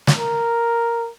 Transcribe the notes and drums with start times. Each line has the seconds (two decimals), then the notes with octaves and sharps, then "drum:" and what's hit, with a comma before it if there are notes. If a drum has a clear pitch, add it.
0.07 drum: snare
0.19 A#4